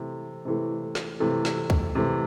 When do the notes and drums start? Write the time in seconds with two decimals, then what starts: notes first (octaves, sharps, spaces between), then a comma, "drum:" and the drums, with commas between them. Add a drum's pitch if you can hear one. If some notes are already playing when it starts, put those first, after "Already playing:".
Already playing: C3 E3 A3
0.45 C3 E3 A3
0.95 drum: snare
1.20 C3 E3 A3
1.45 drum: snare
1.70 drum: kick
1.95 C3 E3 A3